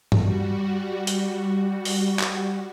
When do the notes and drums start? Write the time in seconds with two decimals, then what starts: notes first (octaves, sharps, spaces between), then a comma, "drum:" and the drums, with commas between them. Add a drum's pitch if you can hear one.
0.12 G3 F#4, drum: tom G2
1.07 drum: hi-hat
1.85 drum: open hi-hat
2.19 drum: clap